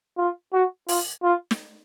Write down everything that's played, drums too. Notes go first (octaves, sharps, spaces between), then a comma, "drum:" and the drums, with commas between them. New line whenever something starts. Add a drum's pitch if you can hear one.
F4
F#4
F4, drum: open hi-hat
F4
drum: snare